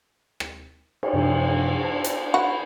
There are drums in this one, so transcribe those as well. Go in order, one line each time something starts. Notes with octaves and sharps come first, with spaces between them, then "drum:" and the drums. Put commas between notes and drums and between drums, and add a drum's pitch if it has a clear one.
drum: rim click
drum: cymbal
F#2 C3 F3
C5 A5
drum: hi-hat
F#4 B5